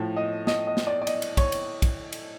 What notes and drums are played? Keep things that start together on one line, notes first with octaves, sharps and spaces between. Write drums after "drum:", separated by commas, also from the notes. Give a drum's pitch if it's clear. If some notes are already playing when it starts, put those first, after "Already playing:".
Already playing: A2 F3
D#5
D#5, drum: snare
D#5
drum: snare
D5
D5
D#5, drum: cymbal
drum: cymbal
C#5, drum: kick, cymbal
drum: cymbal
drum: kick, cymbal
drum: cymbal